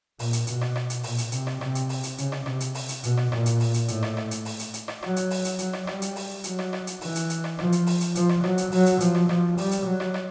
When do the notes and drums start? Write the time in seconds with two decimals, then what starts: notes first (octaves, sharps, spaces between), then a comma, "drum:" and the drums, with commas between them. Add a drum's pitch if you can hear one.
0.19 A#2, drum: open hi-hat
0.33 drum: hi-hat
0.47 B2, drum: hi-hat
0.61 drum: rim click
0.76 drum: rim click
0.90 drum: hi-hat
1.03 A#2, drum: open hi-hat
1.18 drum: hi-hat
1.32 C3, drum: hi-hat
1.47 drum: rim click
1.61 C3, drum: rim click
1.75 drum: hi-hat
1.89 drum: open hi-hat
2.04 drum: hi-hat
2.18 C#3, drum: hi-hat
2.32 drum: rim click
2.46 C3, drum: rim click
2.60 drum: hi-hat
2.75 drum: open hi-hat
2.89 drum: hi-hat
3.03 B2, drum: hi-hat
3.17 drum: rim click
3.32 A#2, drum: rim click
3.46 drum: hi-hat
3.60 drum: open hi-hat
3.74 drum: hi-hat
3.88 A2, drum: hi-hat
4.03 drum: rim click
4.17 drum: rim click
4.31 drum: hi-hat
4.45 drum: open hi-hat
4.59 drum: hi-hat
4.74 drum: hi-hat
4.88 drum: rim click
5.03 F#3, drum: rim click
5.16 drum: hi-hat
5.31 drum: open hi-hat
5.45 drum: hi-hat
5.59 F#3, drum: hi-hat
5.73 drum: rim click
5.87 G3, drum: rim click
6.02 drum: hi-hat
6.16 drum: open hi-hat
6.44 F#3, drum: hi-hat
6.59 drum: rim click
6.73 drum: rim click
6.87 drum: hi-hat
7.01 E3, drum: open hi-hat
7.15 drum: hi-hat
7.30 drum: hi-hat
7.44 drum: rim click
7.59 F3, drum: rim click
7.72 drum: hi-hat
7.87 drum: open hi-hat
8.01 drum: hi-hat
8.15 F3, drum: hi-hat
8.29 drum: rim click
8.44 F#3, drum: rim click
8.58 drum: hi-hat
8.72 F#3, drum: open hi-hat
8.86 drum: hi-hat
9.00 F3, drum: hi-hat
9.15 drum: rim click
9.29 F3, drum: rim click
9.58 G3, drum: open hi-hat
9.71 drum: hi-hat
9.85 F#3
10.00 drum: rim click
10.14 drum: rim click